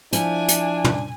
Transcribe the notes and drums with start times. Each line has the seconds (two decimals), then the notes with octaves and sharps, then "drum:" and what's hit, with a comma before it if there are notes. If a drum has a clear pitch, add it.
0.13 F3 D4 E4 G#5, drum: hi-hat
0.48 drum: hi-hat
0.84 drum: tom